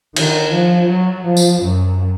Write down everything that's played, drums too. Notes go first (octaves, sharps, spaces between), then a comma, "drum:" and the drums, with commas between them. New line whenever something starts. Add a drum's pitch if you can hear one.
D#3, drum: cymbal
F3
F#3
F3
drum: tambourine
F#2